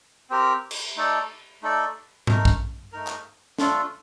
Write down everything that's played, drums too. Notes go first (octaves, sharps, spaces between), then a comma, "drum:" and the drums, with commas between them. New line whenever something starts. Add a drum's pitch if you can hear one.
C4 G4 A#4
drum: cymbal
A3 D#4 A4 D5
A3 D#4 A4 D5
A3 D#4 A#4, drum: tom G#2
drum: kick
A3 D#4 A#4
drum: clap
A3 D4 F4 A4, drum: snare